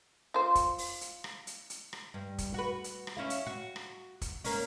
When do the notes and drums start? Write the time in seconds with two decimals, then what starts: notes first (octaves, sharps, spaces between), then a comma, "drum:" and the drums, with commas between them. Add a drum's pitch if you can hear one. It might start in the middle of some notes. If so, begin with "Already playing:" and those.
0.34 F4 C5
0.55 drum: kick, hi-hat
0.78 drum: open hi-hat
1.01 drum: hi-hat
1.24 drum: rim click
1.47 drum: hi-hat
1.70 drum: hi-hat
1.93 drum: rim click
2.14 G2
2.38 drum: kick, hi-hat
2.54 F#4 B4
2.84 drum: hi-hat
3.07 drum: rim click
3.17 C#4 E4 F5
3.30 drum: hi-hat
3.47 F#4
3.76 drum: rim click
4.21 drum: kick, hi-hat
4.44 A#3 C#4, drum: open hi-hat